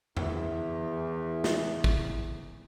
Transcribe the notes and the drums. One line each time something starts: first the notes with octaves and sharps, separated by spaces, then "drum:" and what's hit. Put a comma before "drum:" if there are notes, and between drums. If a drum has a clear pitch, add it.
E2 E3, drum: tom E2
drum: snare
drum: kick